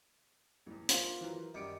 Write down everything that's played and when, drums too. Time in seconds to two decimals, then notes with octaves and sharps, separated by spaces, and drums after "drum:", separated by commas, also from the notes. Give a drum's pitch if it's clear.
0.66 A1 E2
0.89 A#3 F4 C5, drum: hi-hat
1.21 E3 F#3 A#4
1.54 F#2 D#3 G3 D6 C#7 D7